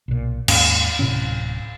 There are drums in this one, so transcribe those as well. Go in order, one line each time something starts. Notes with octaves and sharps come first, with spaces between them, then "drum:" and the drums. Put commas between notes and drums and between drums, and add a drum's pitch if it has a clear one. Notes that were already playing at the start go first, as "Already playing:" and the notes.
B1 A#2
D#2 G#2 A#3 C#4, drum: cymbal
D1 A2 C3 C#4